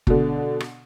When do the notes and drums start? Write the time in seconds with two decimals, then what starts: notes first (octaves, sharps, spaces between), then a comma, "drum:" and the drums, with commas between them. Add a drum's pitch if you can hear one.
0.07 B2 D3, drum: kick
0.60 drum: rim click